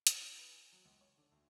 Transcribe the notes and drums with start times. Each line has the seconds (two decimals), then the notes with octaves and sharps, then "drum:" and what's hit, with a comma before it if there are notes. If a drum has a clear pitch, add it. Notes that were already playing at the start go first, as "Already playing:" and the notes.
0.07 drum: hi-hat
0.21 E4
0.39 B4
0.52 G#5
0.72 F#3
0.85 C#2
1.01 C#5
1.17 D3
1.32 D2